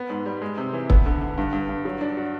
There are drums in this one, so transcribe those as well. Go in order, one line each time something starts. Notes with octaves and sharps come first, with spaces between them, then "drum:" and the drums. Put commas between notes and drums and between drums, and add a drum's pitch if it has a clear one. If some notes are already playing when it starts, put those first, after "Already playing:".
Already playing: B3
G#2
G3
G#3
C3
E3
B3, drum: kick
D3
D3
G2
G2
G2
F#3
D4
F#4